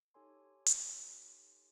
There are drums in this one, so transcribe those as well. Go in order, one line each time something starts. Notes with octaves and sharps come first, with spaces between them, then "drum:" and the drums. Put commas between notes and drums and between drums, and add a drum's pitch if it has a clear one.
D#4 G4 A4 C#5 G#5 C6
drum: hi-hat